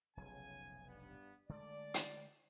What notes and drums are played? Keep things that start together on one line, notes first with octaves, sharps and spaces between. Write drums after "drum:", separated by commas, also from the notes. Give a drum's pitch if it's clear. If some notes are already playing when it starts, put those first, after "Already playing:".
F1 B1 C#3 G#5
G2 B3
D3 G#3 A3 D5
drum: hi-hat